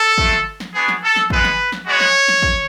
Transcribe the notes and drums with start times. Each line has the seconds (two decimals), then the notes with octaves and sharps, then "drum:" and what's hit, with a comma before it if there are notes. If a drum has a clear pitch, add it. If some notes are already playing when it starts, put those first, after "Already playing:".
Already playing: A4
0.18 A3, drum: kick
0.23 F4
0.32 drum: snare
0.60 drum: snare
0.74 B3 D4 F#4 G#4
0.88 drum: snare
1.03 A4
1.16 drum: snare
1.30 G#3 B3 F4 B4, drum: kick
1.44 drum: snare
1.72 drum: snare
1.86 G#3 B3 F#4 C#5
2.00 drum: snare
2.28 drum: snare
2.42 drum: kick